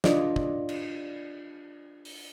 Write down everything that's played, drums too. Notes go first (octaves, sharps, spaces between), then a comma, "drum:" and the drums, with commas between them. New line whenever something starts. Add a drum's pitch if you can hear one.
D4 F4 B4 D5 D#5, drum: snare
drum: kick
drum: cymbal
drum: open hi-hat